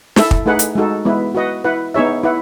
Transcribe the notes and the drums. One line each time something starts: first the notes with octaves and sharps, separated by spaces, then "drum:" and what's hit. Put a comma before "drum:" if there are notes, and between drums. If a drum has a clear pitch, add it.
E4 A4 E5, drum: snare
drum: kick
A3 D#4 G#4 B4 F#5
drum: hi-hat
G#3 D#4 F#4 A4
G#3 B3 E4 B4
F#4 B4 D#5 F#5
E4 B4 F#5
B3 D#4 G#4 C#5 E5
E4 B4 F#5